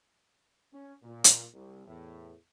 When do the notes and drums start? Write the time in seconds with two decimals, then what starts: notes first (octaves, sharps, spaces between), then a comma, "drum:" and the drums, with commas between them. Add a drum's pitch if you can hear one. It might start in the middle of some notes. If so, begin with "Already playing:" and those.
0.73 C#4
1.03 A#2
1.24 drum: hi-hat
1.53 C2
1.87 E2 A2